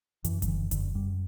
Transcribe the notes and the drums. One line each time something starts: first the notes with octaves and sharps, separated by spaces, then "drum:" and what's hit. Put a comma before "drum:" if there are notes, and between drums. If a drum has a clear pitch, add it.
F#2 E3, drum: hi-hat
F#3, drum: kick F1, hi-hat
D3 E3
F#2 D3, drum: kick F1, hi-hat
F#2 G3